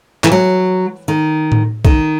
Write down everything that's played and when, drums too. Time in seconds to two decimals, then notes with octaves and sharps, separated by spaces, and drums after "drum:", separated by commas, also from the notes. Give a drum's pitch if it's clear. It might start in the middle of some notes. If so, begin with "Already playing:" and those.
0.24 E3, drum: clap
0.32 F#3
1.08 D#3
1.52 drum: tom A2
1.85 D#3, drum: kick B1